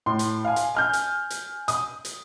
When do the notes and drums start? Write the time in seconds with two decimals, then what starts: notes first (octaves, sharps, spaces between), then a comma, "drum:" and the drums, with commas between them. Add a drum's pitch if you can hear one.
0.06 A2 C6
0.19 drum: hi-hat
0.45 F5 G#5
0.56 drum: hi-hat
0.75 G#5 F6 G6
0.93 drum: hi-hat
1.30 drum: hi-hat
1.68 D#6, drum: hi-hat
2.05 drum: hi-hat